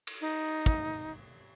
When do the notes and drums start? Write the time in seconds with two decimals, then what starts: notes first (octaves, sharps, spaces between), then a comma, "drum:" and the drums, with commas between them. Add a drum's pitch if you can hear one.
0.07 drum: cymbal
0.21 D#4
0.66 drum: kick